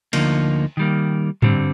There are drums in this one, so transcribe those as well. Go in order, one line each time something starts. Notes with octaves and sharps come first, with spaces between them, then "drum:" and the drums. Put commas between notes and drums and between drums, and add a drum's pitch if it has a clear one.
D2 D3 F3 A#3 D#4, drum: cymbal
D#3 G3 A#3
G2 D3 G3 C4, drum: tom G#2